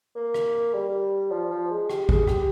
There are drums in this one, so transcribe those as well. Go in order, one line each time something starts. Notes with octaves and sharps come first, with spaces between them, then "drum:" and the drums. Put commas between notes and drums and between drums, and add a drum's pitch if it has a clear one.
A#3
drum: rim click
G3
F3
F3
G#3
G4, drum: rim click
G#4, drum: kick
G4, drum: rim click